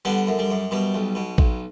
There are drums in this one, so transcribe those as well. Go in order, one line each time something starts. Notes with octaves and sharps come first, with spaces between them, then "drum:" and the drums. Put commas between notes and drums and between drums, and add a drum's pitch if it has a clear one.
D3 G3 B3
F#2
G3
F#2
B2 G3
B1
B2
B1, drum: kick A1